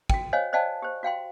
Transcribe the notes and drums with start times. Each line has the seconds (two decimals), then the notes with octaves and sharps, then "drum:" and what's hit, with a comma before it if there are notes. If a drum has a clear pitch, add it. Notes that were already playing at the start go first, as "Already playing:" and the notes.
0.10 F#4 G5, drum: kick
0.33 C5 C#5 D#5 F5 G#5
0.53 C5 D5 D#5 F5 G5 A5
0.82 G4 C5
1.03 F#4 F5 G5 C6